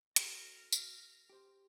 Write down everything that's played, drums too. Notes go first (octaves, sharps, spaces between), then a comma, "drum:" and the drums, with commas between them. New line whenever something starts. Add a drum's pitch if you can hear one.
F#4 A4 C#5 F6 A#6, drum: hi-hat
drum: tambourine
G4 C5